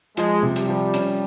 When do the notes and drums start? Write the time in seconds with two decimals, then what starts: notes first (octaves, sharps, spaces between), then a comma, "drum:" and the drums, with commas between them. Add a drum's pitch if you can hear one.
0.17 F3 G#3, drum: hi-hat
0.43 C3
0.56 G3, drum: hi-hat
0.69 F3
0.94 C#4, drum: hi-hat